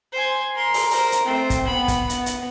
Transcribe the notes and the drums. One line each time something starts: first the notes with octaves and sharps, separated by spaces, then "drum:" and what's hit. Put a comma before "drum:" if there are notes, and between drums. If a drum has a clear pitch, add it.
C5 G#5
A#4 C6
drum: open hi-hat
A#4 C5, drum: open hi-hat
drum: hi-hat
A3 C4
drum: kick, hi-hat
B3 B5
drum: kick, hi-hat
B3, drum: hi-hat
drum: hi-hat